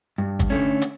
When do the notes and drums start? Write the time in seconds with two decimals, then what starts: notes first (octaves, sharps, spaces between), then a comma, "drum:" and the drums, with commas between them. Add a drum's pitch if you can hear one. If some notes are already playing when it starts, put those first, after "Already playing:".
0.18 G2
0.39 drum: kick G#1, hi-hat
0.50 D3 A3 C#4
0.82 drum: hi-hat